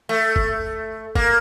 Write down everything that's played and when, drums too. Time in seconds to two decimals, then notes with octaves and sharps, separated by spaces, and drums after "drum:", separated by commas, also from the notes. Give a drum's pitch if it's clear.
0.09 A3
0.36 drum: kick
1.15 A#3, drum: kick